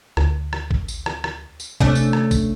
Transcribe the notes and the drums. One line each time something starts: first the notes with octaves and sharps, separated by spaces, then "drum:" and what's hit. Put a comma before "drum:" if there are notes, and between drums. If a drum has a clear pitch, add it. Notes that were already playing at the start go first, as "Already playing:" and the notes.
D2, drum: rim click
drum: rim click
drum: kick A1
drum: tambourine
drum: rim click
drum: rim click
drum: tambourine
C3 A3 C#4 D4, drum: kick A1
drum: tambourine
drum: rim click
drum: kick A1, tambourine